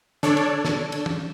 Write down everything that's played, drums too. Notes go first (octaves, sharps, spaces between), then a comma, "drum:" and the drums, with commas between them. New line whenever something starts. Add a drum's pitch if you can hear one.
D4 A4 C#5 D5, drum: tom
drum: cymbal
drum: snare
drum: cymbal
drum: tom